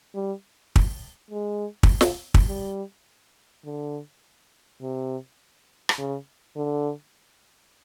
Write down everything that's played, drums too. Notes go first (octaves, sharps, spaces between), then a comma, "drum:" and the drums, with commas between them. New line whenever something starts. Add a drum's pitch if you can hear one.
G3
drum: kick
G#3
drum: kick
drum: snare
drum: kick
G3
D3
C3
drum: rim click
C#3
D3